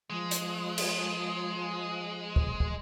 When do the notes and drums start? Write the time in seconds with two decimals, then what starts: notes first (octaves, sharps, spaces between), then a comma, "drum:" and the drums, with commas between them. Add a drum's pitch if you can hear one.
0.10 F3 G#3
0.31 drum: hi-hat
0.78 drum: cymbal
2.36 drum: kick
2.60 drum: kick